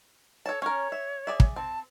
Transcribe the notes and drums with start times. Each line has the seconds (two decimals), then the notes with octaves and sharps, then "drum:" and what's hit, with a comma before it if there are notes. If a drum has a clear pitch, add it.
0.46 A4 C#5 A5
0.62 C#4 A#4 C#5
0.92 E5
1.27 G#4 D5 E5
1.40 drum: kick
1.56 C4 A5